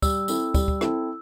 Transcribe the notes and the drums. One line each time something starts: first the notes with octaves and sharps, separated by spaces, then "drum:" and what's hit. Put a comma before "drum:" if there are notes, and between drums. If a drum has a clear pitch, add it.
G3 E6, drum: kick, tambourine
C4 E4 A4, drum: tambourine
G3, drum: kick, tambourine
drum: kick
C4 E4 A4, drum: rim click